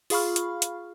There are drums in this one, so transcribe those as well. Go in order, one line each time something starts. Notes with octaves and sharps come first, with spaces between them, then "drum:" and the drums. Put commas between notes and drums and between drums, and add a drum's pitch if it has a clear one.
F4 G#4 F5 B5 C#6 F6, drum: open hi-hat
drum: hi-hat
drum: hi-hat